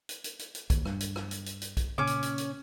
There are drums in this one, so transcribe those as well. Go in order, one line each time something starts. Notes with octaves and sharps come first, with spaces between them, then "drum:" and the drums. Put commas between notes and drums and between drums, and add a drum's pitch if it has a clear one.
drum: hi-hat
drum: hi-hat
drum: hi-hat
drum: hi-hat
D#2, drum: kick, hi-hat
G2, drum: rim click
drum: hi-hat
drum: rim click
drum: hi-hat
drum: hi-hat
drum: hi-hat
drum: kick, hi-hat
A#2 C#3 C#4 D6
drum: hi-hat
drum: hi-hat
drum: hi-hat